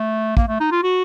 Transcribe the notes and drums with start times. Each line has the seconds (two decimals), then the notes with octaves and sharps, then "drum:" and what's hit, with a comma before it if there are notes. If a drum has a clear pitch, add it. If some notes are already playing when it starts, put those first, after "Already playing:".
Already playing: A3
0.37 A#3, drum: kick
0.48 A3
0.60 D#4
0.71 F4
0.83 F#4